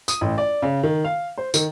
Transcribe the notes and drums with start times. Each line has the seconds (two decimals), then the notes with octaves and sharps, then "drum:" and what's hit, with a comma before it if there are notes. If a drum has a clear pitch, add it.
0.08 D#6, drum: tambourine
0.21 A1
0.38 D5
0.62 C#3
0.83 D#3
1.05 F5
1.38 C5
1.54 D#3, drum: tambourine